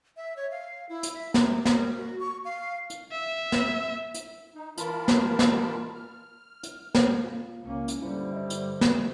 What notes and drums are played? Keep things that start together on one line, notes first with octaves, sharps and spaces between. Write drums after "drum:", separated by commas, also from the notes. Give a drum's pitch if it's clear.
E5
C#5
F5
E4
drum: hi-hat
E5
A#5, drum: snare
drum: snare
A#4
F#4
C#6
F5
drum: hi-hat
E5
drum: snare
drum: hi-hat
D#4
E3 F4 A#4 A5 B5, drum: hi-hat
drum: snare
drum: snare
F6
drum: hi-hat
drum: snare
F4 F5
C#2 C#3 A#3 C#4
drum: hi-hat
G2 D3 G3 D#4 E4 C5
C5 D#5 E5
drum: hi-hat
drum: snare